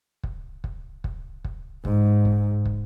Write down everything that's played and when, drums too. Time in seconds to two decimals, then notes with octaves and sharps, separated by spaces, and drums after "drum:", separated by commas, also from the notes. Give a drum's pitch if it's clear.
0.23 drum: kick
0.64 drum: kick
1.04 drum: kick
1.45 drum: kick
1.85 G#2, drum: kick
2.25 drum: kick
2.66 drum: kick